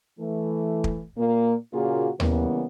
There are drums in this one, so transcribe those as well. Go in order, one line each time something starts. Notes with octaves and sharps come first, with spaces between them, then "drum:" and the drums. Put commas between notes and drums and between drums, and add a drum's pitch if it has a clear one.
E3 A3
drum: kick
A#2 A#3
A#2 C#3 A#3 F4 F#4 G#4
C#3 E3 G3 A#3 B3, drum: tom D#2